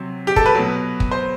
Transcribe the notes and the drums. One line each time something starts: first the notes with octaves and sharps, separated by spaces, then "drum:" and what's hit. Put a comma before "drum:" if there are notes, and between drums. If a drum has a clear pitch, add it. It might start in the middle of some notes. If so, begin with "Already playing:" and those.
Already playing: C3 F#3
G4
A4, drum: kick
B4
B2 F#3
drum: kick
C5